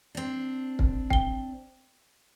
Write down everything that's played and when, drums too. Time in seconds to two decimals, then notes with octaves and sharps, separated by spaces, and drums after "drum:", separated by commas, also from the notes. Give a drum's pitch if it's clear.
0.15 C4 D4
0.79 drum: kick
1.10 G5 G7, drum: kick